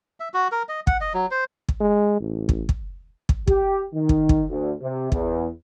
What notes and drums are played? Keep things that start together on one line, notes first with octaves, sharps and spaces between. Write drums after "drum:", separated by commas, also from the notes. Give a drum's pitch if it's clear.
E5
F#4
A#4
D#5
F#5, drum: kick
D#5
F#3
C5
drum: kick
G#3
A1
drum: kick
drum: kick
drum: kick
G4, drum: kick
D#3
drum: kick
drum: kick
D2
C3
E2, drum: kick